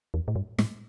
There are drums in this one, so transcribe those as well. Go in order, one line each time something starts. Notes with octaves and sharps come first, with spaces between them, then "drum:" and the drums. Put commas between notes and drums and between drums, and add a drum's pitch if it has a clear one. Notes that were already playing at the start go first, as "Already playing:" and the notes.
E2
A2
G2
A2, drum: snare